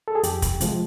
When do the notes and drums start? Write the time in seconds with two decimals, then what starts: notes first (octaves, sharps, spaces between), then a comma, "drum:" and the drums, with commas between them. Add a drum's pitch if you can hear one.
0.08 A4
0.15 G#4
0.23 F2 G4, drum: hi-hat
0.42 drum: kick, hi-hat
0.61 C3 F3 G#3, drum: hi-hat